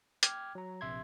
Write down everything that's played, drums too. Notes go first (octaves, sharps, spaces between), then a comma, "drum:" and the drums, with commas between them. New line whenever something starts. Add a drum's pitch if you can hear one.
G5 D6 F6 G#6, drum: hi-hat
F#3 A#5
A#1 C3 E5 C6 G#6